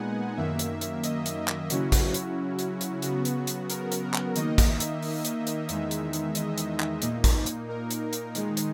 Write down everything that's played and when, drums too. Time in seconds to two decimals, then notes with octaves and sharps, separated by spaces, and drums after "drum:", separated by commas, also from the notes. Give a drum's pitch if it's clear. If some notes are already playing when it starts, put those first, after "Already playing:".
Already playing: A#2 G#3 B3 D#4 F#5 G#5
0.37 F#2 D#3 A#3 E5
0.59 drum: hi-hat
0.81 drum: hi-hat
1.04 D#5, drum: hi-hat
1.26 drum: hi-hat
1.48 drum: clap
1.70 C#3 F#3 C#4 E4 F#4, drum: hi-hat
1.92 drum: kick, hi-hat
2.14 drum: hi-hat
2.59 drum: hi-hat
2.81 drum: hi-hat
3.02 C#3 F#3 B3 F#4, drum: hi-hat
3.25 drum: hi-hat
3.47 drum: hi-hat
3.70 A#4, drum: hi-hat
3.92 drum: hi-hat
4.03 A#4
4.14 drum: clap
4.36 D#3 A#3 D#4 D#5, drum: hi-hat
4.58 drum: kick, hi-hat
4.69 E5
4.80 drum: hi-hat
5.02 drum: open hi-hat
5.25 drum: hi-hat
5.47 drum: hi-hat
5.69 E2 D#3 G#3 D#4 E5, drum: hi-hat
5.91 drum: hi-hat
6.13 drum: hi-hat
6.35 D#5, drum: hi-hat
6.58 drum: hi-hat
6.80 drum: clap
7.02 A#2 A#3 D#4, drum: hi-hat
7.24 drum: kick, hi-hat
7.46 drum: hi-hat
7.69 A#4
7.91 drum: hi-hat
8.13 drum: hi-hat
8.35 D#3 G#3 D#4, drum: hi-hat
8.57 drum: hi-hat